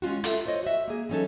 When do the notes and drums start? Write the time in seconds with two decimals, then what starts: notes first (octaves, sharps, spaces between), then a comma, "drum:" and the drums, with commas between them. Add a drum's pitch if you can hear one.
0.02 G#3 C#4 F4 F#4
0.24 F4 A4 E5, drum: hi-hat
0.46 F4 C5 C#5 D#5
0.63 F#4 E5
0.88 A#3 G#4
1.09 E3 F#3 C#4 D#4 A4